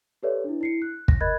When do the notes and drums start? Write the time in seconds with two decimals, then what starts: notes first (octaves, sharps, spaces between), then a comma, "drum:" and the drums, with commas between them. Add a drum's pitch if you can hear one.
0.23 G4 A4 B4 C#5 D5 E5
0.44 D4 E4
0.61 E4 C7 C#7
0.82 F#6
1.08 A#6, drum: kick
1.21 A#4 D#5 B5 F#6 G#6 A6